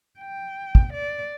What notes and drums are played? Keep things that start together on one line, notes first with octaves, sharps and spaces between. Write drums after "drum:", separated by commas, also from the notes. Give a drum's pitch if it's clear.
G5
drum: kick
D5